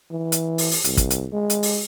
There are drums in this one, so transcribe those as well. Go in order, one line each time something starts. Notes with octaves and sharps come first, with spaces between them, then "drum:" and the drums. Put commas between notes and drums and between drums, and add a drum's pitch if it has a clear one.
E3
drum: hi-hat
drum: open hi-hat
drum: open hi-hat
C2, drum: hi-hat
drum: kick, hi-hat
drum: hi-hat
G#3
drum: hi-hat
drum: open hi-hat